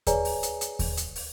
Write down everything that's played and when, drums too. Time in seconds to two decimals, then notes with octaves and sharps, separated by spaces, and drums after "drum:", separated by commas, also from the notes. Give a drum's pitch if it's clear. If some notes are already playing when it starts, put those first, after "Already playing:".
0.07 G#4 B4 C#5 D5 G#5 A#5, drum: kick D#2, hi-hat
0.25 drum: open hi-hat
0.43 drum: hi-hat
0.61 drum: hi-hat
0.79 drum: kick D#2, open hi-hat
0.97 drum: hi-hat
1.16 drum: open hi-hat